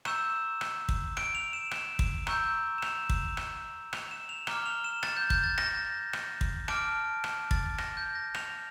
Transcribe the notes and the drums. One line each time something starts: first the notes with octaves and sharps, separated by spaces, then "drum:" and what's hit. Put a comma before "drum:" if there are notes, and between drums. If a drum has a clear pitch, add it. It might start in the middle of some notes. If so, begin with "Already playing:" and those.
A#5 C#6 E6 G6 E7, drum: rim click
drum: rim click
drum: kick
D7, drum: rim click
F7
E7
drum: rim click
drum: kick
A#5 C#6 E6 G6, drum: rim click
E7
F7, drum: rim click
drum: kick
drum: rim click
F7, drum: rim click
E7
F7
A#5 D6 F6 G7, drum: rim click
F7
E7
A6, drum: rim click
G6
G6, drum: kick
A6
A#6, drum: rim click
drum: rim click
drum: kick
A5 D6 F6 D7, drum: rim click
drum: rim click
A6, drum: kick
A#6, drum: rim click
G6
A#6
F7, drum: rim click